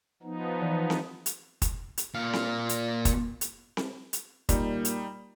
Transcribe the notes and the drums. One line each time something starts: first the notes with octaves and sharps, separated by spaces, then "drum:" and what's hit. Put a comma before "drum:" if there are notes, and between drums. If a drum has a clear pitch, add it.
F3 B3 D#4
E3
drum: snare C4
drum: hi-hat
drum: kick, hi-hat
drum: hi-hat
A#2 F5
drum: snare C4
drum: hi-hat
drum: kick, hi-hat
drum: hi-hat
drum: snare C4
drum: hi-hat
A#2 G3 D#4, drum: kick, hi-hat
drum: hi-hat